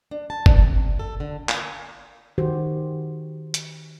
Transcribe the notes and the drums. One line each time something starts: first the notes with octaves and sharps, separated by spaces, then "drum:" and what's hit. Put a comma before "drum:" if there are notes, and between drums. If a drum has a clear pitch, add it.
D4
A5
D4, drum: kick F#1
C3
A4
D3
drum: clap
D#3 F#4 G4 C5
drum: hi-hat